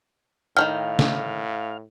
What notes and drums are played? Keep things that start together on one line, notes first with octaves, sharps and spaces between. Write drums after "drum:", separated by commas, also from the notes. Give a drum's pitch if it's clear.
A2 D#3 F#3 F5 G5 F6
drum: snare